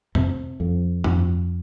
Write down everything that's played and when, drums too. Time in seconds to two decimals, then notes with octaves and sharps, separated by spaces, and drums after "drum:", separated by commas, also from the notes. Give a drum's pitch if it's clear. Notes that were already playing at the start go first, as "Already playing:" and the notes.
0.15 C3, drum: tom
0.60 F2
1.04 F2, drum: tom